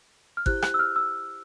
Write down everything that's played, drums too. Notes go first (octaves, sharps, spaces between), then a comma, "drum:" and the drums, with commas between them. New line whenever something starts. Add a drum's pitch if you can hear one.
F6
E4 G4 C5 F#6, drum: kick G#1
F#6, drum: rim click
E6
F6
E6